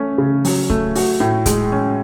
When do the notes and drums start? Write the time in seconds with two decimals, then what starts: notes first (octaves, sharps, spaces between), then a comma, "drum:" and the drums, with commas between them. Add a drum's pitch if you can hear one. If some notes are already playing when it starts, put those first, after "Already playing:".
Already playing: A3 C#4
0.18 C#3
0.45 F#3, drum: open hi-hat
0.70 A3, drum: kick C#1
0.95 F#4, drum: open hi-hat
1.20 A2
1.46 G#3, drum: kick C#1, hi-hat
1.72 C#4